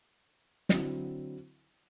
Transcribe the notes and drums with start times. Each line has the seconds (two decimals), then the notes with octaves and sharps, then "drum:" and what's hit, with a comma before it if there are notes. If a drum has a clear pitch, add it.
0.69 D3 F#3 C4 E4, drum: snare